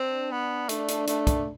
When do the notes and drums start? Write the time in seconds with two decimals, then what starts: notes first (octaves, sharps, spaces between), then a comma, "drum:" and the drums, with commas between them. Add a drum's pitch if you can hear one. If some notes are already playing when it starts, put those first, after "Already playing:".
Already playing: C4 D4
0.31 B3
0.69 A3 D4, drum: hi-hat
0.88 drum: hi-hat
1.07 A3, drum: hi-hat
1.27 drum: kick, hi-hat